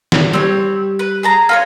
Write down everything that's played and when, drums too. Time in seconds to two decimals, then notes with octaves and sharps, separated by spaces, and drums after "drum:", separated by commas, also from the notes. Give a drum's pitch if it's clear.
0.12 drum: snare
0.33 G3 C4 C#5
0.99 B4
1.23 G#4 A5 A#5
1.49 F4 B4 C#5